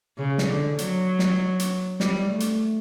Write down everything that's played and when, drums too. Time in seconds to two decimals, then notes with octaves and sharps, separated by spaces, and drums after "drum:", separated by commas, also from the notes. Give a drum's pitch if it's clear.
0.18 C#3
0.38 drum: snare
0.48 D3
0.78 F#3, drum: hi-hat
1.19 drum: snare
1.59 drum: hi-hat
2.00 G3, drum: snare
2.30 A3
2.40 drum: hi-hat